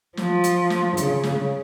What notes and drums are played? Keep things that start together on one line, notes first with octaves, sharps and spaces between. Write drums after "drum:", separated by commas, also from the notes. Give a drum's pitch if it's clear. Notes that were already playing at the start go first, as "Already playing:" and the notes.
F3, drum: snare
drum: hi-hat
drum: snare
C#3, drum: hi-hat
drum: snare